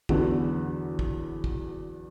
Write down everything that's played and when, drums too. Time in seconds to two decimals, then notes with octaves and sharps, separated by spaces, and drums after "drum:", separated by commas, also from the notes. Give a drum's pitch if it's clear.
0.09 E2 D3 F#3 B3 F#4, drum: kick
0.99 drum: kick
1.44 drum: kick